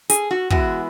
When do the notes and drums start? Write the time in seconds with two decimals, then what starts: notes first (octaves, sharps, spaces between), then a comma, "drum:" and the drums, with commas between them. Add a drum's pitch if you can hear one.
0.10 G#4, drum: hi-hat
0.31 F#4
0.50 E3 G#3 B3 E4 F#4, drum: kick